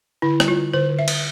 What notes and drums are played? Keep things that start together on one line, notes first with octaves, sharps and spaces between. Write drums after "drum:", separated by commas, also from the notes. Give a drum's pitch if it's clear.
D3 E4
G3, drum: rim click
F4
D3
D3 C5
D3
E5
D3, drum: cymbal